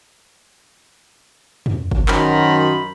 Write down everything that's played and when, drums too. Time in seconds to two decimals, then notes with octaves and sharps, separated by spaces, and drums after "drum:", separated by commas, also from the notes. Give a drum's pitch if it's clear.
1.66 drum: tom
1.91 drum: kick G1
2.08 F#2 D#3 F#3 A#4 C5 B5, drum: clap